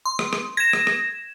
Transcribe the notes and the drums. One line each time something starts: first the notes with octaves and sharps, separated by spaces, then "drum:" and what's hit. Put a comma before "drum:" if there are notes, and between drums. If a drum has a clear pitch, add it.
C6
drum: rim click
drum: rim click
G#6 A#6 E7
drum: rim click
drum: rim click